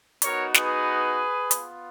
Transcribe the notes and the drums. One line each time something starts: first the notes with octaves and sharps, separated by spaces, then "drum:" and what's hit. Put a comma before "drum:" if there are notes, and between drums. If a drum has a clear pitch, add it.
B3 D#4 F#4 A#4 C#5, drum: hi-hat
G#4 B4, drum: snare
B3 F4, drum: hi-hat